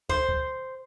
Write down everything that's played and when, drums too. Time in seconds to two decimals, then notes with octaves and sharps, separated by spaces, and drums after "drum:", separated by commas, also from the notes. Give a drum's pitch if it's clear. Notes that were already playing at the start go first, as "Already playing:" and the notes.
0.09 C5, drum: kick
0.29 drum: kick